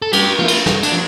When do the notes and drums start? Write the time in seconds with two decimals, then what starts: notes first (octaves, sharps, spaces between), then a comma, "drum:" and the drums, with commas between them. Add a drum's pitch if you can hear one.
0.02 A4
0.13 G2 G4, drum: cymbal
0.39 F3 A#3 E4 F4
0.48 drum: cymbal
0.66 G2, drum: snare
0.83 D4, drum: cymbal
0.92 F3